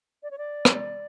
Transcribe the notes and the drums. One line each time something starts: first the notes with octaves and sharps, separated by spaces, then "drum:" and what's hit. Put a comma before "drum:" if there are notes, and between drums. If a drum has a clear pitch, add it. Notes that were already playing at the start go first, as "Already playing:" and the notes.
D5
C#5
D5
drum: rim click